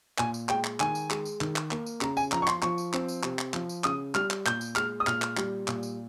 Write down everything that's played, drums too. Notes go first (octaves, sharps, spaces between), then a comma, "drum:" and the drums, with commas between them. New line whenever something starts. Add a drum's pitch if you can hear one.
A#2 G#5, drum: clap
drum: tambourine
G#3 G5, drum: clap
drum: clap
D#3 G#5, drum: clap
drum: tambourine
G#3, drum: clap
drum: tambourine
D#3, drum: clap
drum: clap
A#3, drum: clap
drum: tambourine
C#3 A#5, drum: clap
G#5, drum: tambourine
F3 A#5, drum: clap
C#6
C6, drum: clap
F3 C#6, drum: clap
drum: tambourine
C4, drum: clap
drum: tambourine
C3, drum: clap
drum: clap
F3, drum: clap
drum: tambourine
C#3 D#6, drum: clap
G3 F6, drum: clap
drum: clap
A#2 G6, drum: clap
drum: tambourine
G#3 F6, drum: clap
D#6
A#2 F6, drum: clap
drum: clap
G3, drum: clap
A#2, drum: clap
drum: tambourine